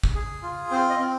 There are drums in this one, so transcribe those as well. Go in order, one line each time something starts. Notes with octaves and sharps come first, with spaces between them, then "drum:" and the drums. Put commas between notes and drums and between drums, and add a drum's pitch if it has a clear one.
drum: kick
G#4
F4
C4 C5
D#5
C4